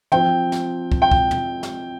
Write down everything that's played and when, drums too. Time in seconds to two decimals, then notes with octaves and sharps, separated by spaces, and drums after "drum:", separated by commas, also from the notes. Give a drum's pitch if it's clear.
0.12 F3 C4 G5, drum: tom
0.52 drum: snare
0.92 drum: kick
1.02 G5
1.11 drum: kick
1.31 drum: tom
1.63 drum: snare